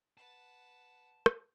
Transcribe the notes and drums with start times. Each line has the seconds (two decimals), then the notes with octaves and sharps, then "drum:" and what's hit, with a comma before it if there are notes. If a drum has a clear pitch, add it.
0.17 B4 F#5 A5
1.26 drum: rim click